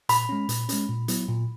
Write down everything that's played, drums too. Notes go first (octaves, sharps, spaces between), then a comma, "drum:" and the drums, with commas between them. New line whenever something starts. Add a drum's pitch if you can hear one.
A#2 B5, drum: hi-hat
G#3 C#4
A#2, drum: hi-hat
G#3 C#4, drum: hi-hat
A#2
F#3 B3 E4, drum: hi-hat
A#2